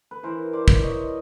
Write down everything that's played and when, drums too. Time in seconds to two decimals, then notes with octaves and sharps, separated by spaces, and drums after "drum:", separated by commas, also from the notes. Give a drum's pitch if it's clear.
0.11 B4
0.23 E3 A#4 C5
0.53 C5 D5
0.68 E3, drum: kick
0.82 C#5 D#5